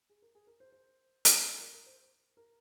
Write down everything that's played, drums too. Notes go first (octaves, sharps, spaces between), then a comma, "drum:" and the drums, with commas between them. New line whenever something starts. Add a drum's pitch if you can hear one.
G#4
A#4
G#4
A#4
C5
C5
drum: hi-hat
A#4
A#4
C5
A#4